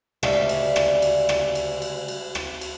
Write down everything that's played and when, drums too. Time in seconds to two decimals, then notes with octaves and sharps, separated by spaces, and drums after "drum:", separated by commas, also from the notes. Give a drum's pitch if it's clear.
0.23 D2 C#3 G3 G#3 E5 F5, drum: rim click
0.49 drum: cymbal
0.76 drum: rim click
1.02 drum: cymbal
1.29 drum: rim click
1.55 drum: cymbal
1.82 drum: cymbal
2.08 drum: cymbal
2.35 drum: rim click
2.61 drum: cymbal